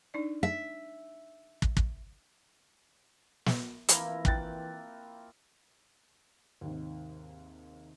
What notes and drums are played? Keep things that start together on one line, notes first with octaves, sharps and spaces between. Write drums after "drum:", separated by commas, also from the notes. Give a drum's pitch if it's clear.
D4 D#4 D5
E5
drum: kick
drum: kick
drum: snare
C3 E3 F3 A#3 E4 A#4, drum: hi-hat
G5 F#6 A6, drum: kick
D#2 G#2 C3 D#3